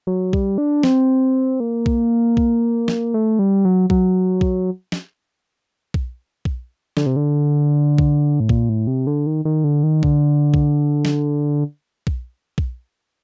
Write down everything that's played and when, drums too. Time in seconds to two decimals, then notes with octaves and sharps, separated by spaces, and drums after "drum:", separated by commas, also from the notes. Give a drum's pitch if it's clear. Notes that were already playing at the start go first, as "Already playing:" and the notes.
0.07 F#3
0.33 G3, drum: kick B1
0.58 D4
0.83 C4, drum: snare
1.60 A#3
1.86 drum: kick B1
2.37 drum: kick B1
2.88 drum: snare
3.14 A3
3.39 G3
3.65 F#3
3.90 F#3, drum: kick B1
4.41 drum: kick B1
4.92 drum: snare
5.94 drum: kick B1
6.45 drum: kick B1
6.97 D3, drum: snare
7.06 C3
7.16 D3
7.98 drum: kick B1
8.40 A2
8.49 A#2, drum: kick B1
8.69 A2
8.87 C3
9.07 D3
9.26 D#3
9.45 D#3
9.64 D3
9.83 D#3
10.03 D3, drum: kick B1
10.54 drum: kick B1
11.05 drum: snare
12.07 drum: kick B1
12.58 drum: kick B1